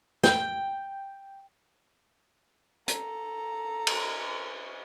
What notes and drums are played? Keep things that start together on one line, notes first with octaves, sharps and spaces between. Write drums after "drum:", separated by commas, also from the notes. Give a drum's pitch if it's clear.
G5, drum: snare
A4 A#5, drum: hi-hat
drum: cymbal